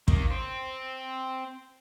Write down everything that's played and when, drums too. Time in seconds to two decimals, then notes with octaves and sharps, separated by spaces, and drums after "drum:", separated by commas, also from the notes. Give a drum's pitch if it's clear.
0.08 D#3 A#3, drum: kick
0.31 C4